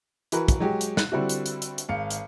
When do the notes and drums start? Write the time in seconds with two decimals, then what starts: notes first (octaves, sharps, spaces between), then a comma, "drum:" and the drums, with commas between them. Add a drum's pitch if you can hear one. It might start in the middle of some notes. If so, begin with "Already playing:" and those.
0.32 E3 F#4 A#4 B4, drum: hi-hat
0.48 drum: kick, hi-hat
0.60 F#3 G#3 F#4 G4
0.81 drum: hi-hat
0.97 F#6, drum: snare
1.12 D3 G3 C4 E4 F#4
1.29 drum: hi-hat
1.46 drum: hi-hat
1.62 drum: hi-hat
1.78 drum: hi-hat
1.89 G#1 F5 C#7
2.10 drum: hi-hat